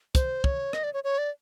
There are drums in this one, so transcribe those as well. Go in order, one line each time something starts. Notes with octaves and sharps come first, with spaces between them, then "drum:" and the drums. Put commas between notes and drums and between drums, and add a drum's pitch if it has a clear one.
C5, drum: kick, hi-hat
C#5, drum: kick
D#5, drum: rim click
D5
C#5
C#5
D5